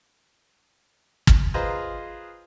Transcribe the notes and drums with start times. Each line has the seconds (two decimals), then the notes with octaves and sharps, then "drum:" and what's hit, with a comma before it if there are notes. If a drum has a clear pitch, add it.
1.27 drum: kick
1.54 F4 G#4 B4 C5 D#5 A#5